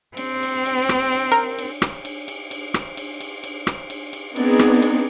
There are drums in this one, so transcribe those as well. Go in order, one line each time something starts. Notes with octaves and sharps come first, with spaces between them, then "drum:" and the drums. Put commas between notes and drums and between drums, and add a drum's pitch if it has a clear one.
C4, drum: cymbal
drum: cymbal
drum: cymbal
drum: rim click
drum: cymbal
A#4
drum: cymbal
drum: rim click
drum: cymbal
drum: cymbal
drum: cymbal
drum: rim click
drum: cymbal
drum: cymbal
drum: cymbal
drum: rim click
drum: cymbal
drum: cymbal
B3 C4 D4 D#4 G#4, drum: cymbal
drum: rim click
drum: cymbal